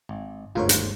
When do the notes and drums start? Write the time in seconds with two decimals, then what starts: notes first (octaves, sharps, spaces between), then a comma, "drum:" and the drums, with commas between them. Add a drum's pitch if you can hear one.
0.09 G#1
0.55 G1 D2 G#2 F4 A#4 C#5
0.69 D#3 G3, drum: hi-hat